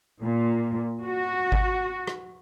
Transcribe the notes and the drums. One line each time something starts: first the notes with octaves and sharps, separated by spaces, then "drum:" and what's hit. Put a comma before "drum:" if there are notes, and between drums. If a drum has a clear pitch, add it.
A#2
F#4
drum: kick G#1
drum: rim click